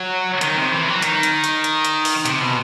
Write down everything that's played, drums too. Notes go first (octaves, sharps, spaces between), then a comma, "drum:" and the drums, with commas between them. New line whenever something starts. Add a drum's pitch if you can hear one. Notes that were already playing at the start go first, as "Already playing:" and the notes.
Already playing: F#3
D#3, drum: hi-hat
C3
E3
F#3
D#3, drum: hi-hat
drum: hi-hat
drum: hi-hat
drum: hi-hat
drum: hi-hat
drum: open hi-hat
C3, drum: hi-hat
B2